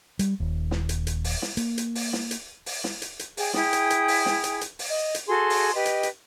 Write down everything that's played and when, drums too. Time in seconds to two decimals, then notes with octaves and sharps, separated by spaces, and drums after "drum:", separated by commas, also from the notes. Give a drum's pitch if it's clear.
0.19 G3, drum: hi-hat
0.40 D#1
0.71 drum: snare
0.89 drum: hi-hat
1.07 drum: hi-hat
1.24 drum: open hi-hat
1.42 drum: snare
1.57 A#3, drum: hi-hat
1.78 drum: hi-hat
1.95 drum: open hi-hat
2.13 drum: snare
2.31 drum: hi-hat
2.66 drum: open hi-hat
2.84 drum: snare
3.02 drum: hi-hat
3.19 drum: hi-hat
3.37 G#4 G5, drum: open hi-hat
3.54 E4 G#4 G5 D#6, drum: snare
3.73 drum: hi-hat
3.90 drum: hi-hat
4.08 drum: open hi-hat
4.26 drum: snare
4.44 drum: hi-hat
4.61 drum: hi-hat
4.79 drum: open hi-hat
4.89 D#5
5.14 drum: hi-hat
5.28 F#4 G#4 A4 C6
5.50 drum: open hi-hat
5.74 G4 B4 D#5
5.85 drum: hi-hat
6.03 drum: hi-hat